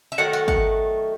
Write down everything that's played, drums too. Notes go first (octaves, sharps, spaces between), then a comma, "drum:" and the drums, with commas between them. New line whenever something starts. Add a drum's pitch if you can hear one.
E5
D#3 F#3 A3 F#5
F#5
F#5, drum: kick